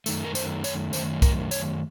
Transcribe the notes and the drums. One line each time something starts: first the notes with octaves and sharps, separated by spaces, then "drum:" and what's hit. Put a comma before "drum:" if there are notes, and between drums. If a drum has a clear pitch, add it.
F#2 D#3 A3, drum: tambourine
A#4
C5, drum: tambourine
C#5, drum: tambourine
F#2 D#3 A3 C5, drum: tambourine
A#4, drum: kick C2, tambourine
C#5, drum: tambourine